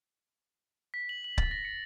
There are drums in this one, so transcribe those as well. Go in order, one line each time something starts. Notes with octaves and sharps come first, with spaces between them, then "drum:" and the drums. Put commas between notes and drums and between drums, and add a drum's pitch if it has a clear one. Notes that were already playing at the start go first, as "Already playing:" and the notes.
B6
F#7
F#7
A6, drum: kick C#1
A#6
C#7